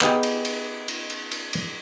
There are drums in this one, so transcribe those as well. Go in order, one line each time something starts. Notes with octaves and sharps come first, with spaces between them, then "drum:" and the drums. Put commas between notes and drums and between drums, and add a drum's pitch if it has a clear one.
B3 D#4 G4 G#4, drum: clap
drum: cymbal
drum: cymbal
drum: cymbal
drum: cymbal
drum: cymbal
drum: cymbal